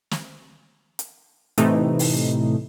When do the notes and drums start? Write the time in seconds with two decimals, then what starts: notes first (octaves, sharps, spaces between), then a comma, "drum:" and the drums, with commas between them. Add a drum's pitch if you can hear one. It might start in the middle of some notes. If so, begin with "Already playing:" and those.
0.11 drum: snare
0.99 drum: hi-hat
1.58 A2 C3 E3 A3 D#4, drum: hi-hat
1.99 drum: open hi-hat